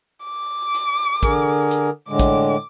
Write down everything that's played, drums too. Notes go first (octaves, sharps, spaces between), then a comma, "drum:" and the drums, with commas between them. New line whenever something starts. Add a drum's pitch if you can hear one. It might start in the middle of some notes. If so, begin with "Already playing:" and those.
D6
drum: hi-hat
D3 G#4 A#4, drum: kick, hi-hat
drum: hi-hat
A2 D3 G#3 D6
drum: kick, hi-hat